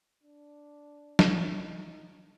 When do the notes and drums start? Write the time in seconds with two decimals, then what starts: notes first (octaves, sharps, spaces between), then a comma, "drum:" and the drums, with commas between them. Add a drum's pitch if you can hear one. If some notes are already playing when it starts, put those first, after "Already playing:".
0.23 D4
1.19 drum: snare
1.62 D#4